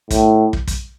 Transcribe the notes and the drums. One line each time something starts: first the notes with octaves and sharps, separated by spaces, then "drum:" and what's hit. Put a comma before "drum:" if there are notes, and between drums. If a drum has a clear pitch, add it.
A2, drum: kick, hi-hat
drum: kick
drum: kick, hi-hat